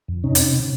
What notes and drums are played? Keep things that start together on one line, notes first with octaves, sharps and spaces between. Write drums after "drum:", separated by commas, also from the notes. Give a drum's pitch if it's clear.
F2
C3 C#4 D#4
drum: hi-hat